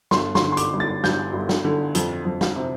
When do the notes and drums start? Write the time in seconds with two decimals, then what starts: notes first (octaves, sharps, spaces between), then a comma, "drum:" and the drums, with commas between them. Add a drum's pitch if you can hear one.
0.11 G1 C6, drum: snare
0.35 C6, drum: snare
0.43 D3
0.52 C6
0.57 D6, drum: hi-hat
0.73 G1
0.80 A6
1.04 G2 G6, drum: snare
1.33 G1
1.49 drum: snare
1.65 D3
1.95 F2, drum: hi-hat
2.25 F2
2.41 drum: snare
2.56 C3